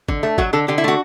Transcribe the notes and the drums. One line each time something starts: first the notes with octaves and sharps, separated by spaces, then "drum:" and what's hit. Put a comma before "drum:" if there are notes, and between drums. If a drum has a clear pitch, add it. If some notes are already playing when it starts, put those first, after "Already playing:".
D3, drum: kick
A3
F#3 F#4, drum: kick
D3 A4
D3 G4
E4
A3 F#4